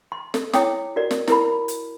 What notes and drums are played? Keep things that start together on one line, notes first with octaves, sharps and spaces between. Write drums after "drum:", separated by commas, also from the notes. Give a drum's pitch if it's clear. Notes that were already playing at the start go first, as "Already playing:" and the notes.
C6
A4, drum: snare
E4 C#5 G5 D6 D#6, drum: snare
F#4 A#4 D5
drum: snare
E4 A#4 B5, drum: snare
drum: hi-hat